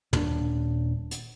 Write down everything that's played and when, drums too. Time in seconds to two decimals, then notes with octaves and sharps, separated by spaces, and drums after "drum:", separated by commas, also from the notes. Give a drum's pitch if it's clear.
0.13 D#1 D4, drum: tom
1.11 drum: hi-hat